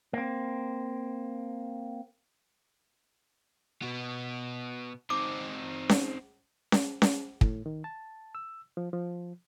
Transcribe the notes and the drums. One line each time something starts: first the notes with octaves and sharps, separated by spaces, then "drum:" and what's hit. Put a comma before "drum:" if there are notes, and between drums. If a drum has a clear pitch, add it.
A#3 C4
B2 B3
C4 D#4 D6
drum: snare C#4
drum: snare C#4
drum: snare C#4
A2, drum: kick
D#3
A5
E6
F3
F3